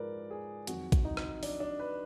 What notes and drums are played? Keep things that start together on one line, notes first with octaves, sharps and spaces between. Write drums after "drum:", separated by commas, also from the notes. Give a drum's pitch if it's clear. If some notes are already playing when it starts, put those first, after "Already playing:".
Already playing: G#2 F3 G#3 A#4 B4 D5
G#4
F2 D#3 F#3 F#4, drum: hi-hat
drum: kick A#1, hi-hat
D#4
drum: rim click
D4, drum: open hi-hat
D4
B4